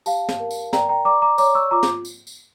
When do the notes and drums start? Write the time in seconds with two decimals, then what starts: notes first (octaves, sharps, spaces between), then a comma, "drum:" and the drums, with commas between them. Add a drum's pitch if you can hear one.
0.06 G4 F5 A5, drum: tambourine
0.29 drum: snare
0.40 A#4
0.51 drum: tambourine
0.73 D5 G5 A#5, drum: snare
0.89 G5 A#5
1.05 D5 A#5 D6
1.22 A#5 D6
1.38 C#5 A#5 D6, drum: tambourine
1.55 C#6 E6
1.71 F4 A#5 D6
1.83 drum: snare
2.05 drum: tambourine
2.27 drum: tambourine